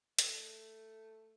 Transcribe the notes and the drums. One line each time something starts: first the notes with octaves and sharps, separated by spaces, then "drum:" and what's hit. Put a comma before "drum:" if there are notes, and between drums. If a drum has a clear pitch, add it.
A3, drum: hi-hat